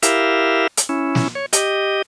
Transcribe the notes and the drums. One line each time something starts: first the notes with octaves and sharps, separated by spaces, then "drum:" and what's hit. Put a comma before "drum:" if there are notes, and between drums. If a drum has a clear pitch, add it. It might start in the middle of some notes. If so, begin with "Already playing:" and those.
E4 G4 A#4 E5 F5, drum: hi-hat
drum: hi-hat
C#4 E4
drum: snare
C#5
G4 D#5, drum: hi-hat